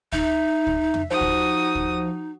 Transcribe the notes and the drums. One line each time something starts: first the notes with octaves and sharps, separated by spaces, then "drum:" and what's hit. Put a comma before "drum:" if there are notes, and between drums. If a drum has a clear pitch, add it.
D#4 E5, drum: kick
drum: kick
drum: tom
F3 D#4 F#4 D#6
drum: kick
drum: kick